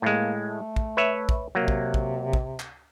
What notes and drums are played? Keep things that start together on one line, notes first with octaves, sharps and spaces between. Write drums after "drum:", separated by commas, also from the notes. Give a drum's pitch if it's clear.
A2 G#3 A#3
A3
drum: kick
B4 C#5 E5
drum: kick
C3 F#3 A#3
drum: kick
drum: kick
drum: kick
drum: clap